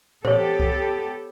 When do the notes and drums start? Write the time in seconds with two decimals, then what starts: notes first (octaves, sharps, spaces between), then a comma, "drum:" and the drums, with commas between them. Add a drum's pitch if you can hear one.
0.25 B3 G4 A4 C5 C#5, drum: tom A2
0.60 drum: kick C2